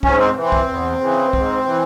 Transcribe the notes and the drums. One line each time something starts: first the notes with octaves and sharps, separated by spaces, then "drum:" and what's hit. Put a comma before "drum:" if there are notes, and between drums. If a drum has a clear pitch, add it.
G#2 C#4, drum: kick
C4
E3
C4
drum: kick
E2
C#3 E3
G#2, drum: kick
E3